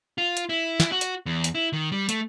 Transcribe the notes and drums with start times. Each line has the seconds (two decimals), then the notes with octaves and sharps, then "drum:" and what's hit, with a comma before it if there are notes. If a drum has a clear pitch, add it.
0.18 F4
0.37 drum: hi-hat
0.49 E4
0.80 drum: snare
0.92 F#4
1.01 drum: hi-hat
1.26 E2
1.44 drum: hi-hat
1.55 E4
1.73 D#3
1.92 G3
2.09 A3, drum: hi-hat